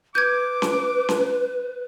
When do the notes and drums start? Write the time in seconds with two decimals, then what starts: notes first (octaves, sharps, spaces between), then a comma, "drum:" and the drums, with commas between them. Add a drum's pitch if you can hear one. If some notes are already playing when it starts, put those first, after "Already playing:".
0.15 B4 D6 G6 G#6
0.62 drum: snare C#4
1.09 drum: snare C#4